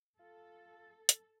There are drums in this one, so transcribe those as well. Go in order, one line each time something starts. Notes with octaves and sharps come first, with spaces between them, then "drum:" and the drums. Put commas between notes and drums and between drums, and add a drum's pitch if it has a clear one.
F4 A4
drum: hi-hat